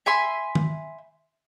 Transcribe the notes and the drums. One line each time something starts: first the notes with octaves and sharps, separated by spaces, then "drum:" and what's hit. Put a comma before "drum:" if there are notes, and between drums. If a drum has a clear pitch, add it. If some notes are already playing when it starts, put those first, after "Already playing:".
E5 G#5 B5 C6
drum: tom D#3